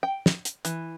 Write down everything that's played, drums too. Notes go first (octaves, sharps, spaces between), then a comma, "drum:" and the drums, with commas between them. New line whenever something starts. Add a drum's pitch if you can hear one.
G5
drum: snare
drum: hi-hat
E3, drum: hi-hat